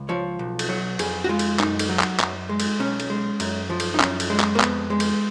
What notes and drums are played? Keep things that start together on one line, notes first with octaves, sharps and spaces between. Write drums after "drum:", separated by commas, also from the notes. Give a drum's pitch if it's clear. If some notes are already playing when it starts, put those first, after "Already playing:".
Already playing: C#2
F3 C#5
B1
drum: cymbal
F#3
F2 G#4, drum: cymbal
F#4
G#3 F4
drum: cymbal
F#2 D#4, drum: clap
drum: cymbal
F#3
drum: clap
F#2, drum: clap
G#3
drum: cymbal
B1 C#4
drum: cymbal
G#3
F#2, drum: cymbal
F3
drum: cymbal
D#4
F#2 C#4, drum: clap
drum: cymbal
G#3
drum: clap
A#3
F2 B3, drum: clap
G#3
drum: cymbal